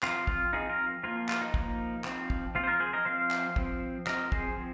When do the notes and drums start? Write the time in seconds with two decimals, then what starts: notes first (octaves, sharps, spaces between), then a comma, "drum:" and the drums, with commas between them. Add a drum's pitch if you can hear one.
0.03 F3 C4 F4, drum: clap
0.27 F4, drum: kick
0.53 F3 C4 D#4 G#4
0.69 F4 A#4
1.03 F3 A#3 F4
1.29 F4, drum: clap
1.41 D#4
1.54 F3 A#3, drum: kick
2.04 F3 C4, drum: clap
2.30 drum: kick
2.55 F3 C4 F4
2.64 C5
2.67 F4 A#4
2.80 G#4 C5
2.93 A#4 D#5
3.05 F3 C4 C5 F5
3.31 drum: clap
3.56 F3 C4, drum: kick
4.07 F3 C4 A#4 D#5, drum: clap
4.32 G#4 C5, drum: kick
4.57 F3 C4